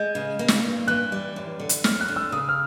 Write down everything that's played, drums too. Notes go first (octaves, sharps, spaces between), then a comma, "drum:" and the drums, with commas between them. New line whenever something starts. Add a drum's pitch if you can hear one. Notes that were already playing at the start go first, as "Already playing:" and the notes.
Already playing: G#3 G6
C#3
A#3
drum: snare
G2
E3 F#6
G3
F#2
D3
drum: hi-hat
F#2 F6, drum: snare
F#6
D3
E6
C#3 D#6
F6